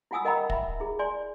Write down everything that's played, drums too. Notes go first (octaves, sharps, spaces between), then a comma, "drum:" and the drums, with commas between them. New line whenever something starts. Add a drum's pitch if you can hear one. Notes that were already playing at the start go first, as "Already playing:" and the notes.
E4 F4 F#5 G#5 D#6 E6
A#4 D#5 F#5 G5 A#5 B5
E5 B5, drum: kick
E4 G#4
D5 G#5 C6